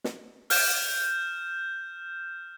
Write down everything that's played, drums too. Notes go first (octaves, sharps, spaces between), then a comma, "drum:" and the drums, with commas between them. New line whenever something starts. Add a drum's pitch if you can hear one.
drum: snare
F6 G6 E7, drum: open hi-hat